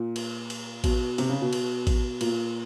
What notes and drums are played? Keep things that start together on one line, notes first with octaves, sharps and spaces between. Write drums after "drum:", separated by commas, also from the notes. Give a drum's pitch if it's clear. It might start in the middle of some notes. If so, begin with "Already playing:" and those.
Already playing: A#2
drum: cymbal
drum: cymbal
B2, drum: kick A1, cymbal
C3, drum: cymbal
C#3
B2
drum: cymbal
drum: kick A1, cymbal
A#2, drum: cymbal